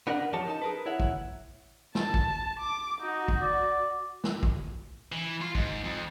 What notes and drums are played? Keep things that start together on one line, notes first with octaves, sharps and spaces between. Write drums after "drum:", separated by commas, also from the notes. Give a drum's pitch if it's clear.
B3 D4 A#4 E5 F#5
F#2 F3 G4 A#4 C#5 A5
D#4 A5
G#4 A#4 B4
E4 C#5 E5 F#5
drum: kick
A5, drum: snare
drum: kick
D6
D#4 F#4
drum: kick
D5
drum: snare
drum: kick
E3
F4
G#2, drum: kick
F2